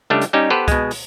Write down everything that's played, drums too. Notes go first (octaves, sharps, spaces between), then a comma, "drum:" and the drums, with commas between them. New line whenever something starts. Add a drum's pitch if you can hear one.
C#2 G3 A3 D4 G4
drum: hi-hat
G3 C#4 D#4 G4
B3 G4 A4 B4 C5
B2 G#3, drum: kick, hi-hat
drum: open hi-hat